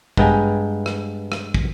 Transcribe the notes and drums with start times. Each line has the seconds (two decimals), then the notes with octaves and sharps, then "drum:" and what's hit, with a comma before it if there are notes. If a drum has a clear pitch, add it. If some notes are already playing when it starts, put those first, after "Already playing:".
0.17 G2 G#3 B3 G5 G#5 A#5, drum: kick
0.86 drum: rim click
1.32 drum: rim click
1.54 drum: kick